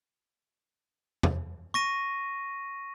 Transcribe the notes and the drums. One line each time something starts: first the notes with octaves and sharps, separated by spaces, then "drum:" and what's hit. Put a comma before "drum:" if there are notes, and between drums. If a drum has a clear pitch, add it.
drum: tom E2
C#6 A#6 D#7